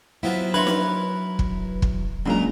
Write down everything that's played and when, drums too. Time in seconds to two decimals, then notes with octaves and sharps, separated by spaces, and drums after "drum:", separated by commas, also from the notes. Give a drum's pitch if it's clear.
0.23 F#3 B3 C4 E4 F4
0.54 D4 A#4 B4 C#5 E5 C6
0.67 drum: snare
1.39 drum: kick
1.82 drum: kick
2.26 C#2 A#2 F#3 C#4 D4 G#4 A#5